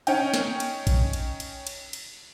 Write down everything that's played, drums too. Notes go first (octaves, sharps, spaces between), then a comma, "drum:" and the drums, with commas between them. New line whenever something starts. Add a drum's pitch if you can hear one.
C#4 D#4 G5, drum: cymbal
drum: snare
drum: cymbal
drum: kick A#1, cymbal
drum: cymbal
drum: cymbal
drum: cymbal
drum: cymbal